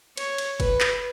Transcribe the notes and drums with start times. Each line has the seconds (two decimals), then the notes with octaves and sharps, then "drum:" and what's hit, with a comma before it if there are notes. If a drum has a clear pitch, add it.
0.17 C#5, drum: cymbal
0.38 drum: cymbal
0.60 B4, drum: kick F#1, cymbal
0.80 drum: clap